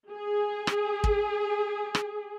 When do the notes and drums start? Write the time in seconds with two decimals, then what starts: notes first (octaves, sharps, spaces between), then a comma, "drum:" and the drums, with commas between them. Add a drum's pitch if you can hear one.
0.13 G#4
0.67 drum: rim click
1.04 drum: kick
1.95 drum: rim click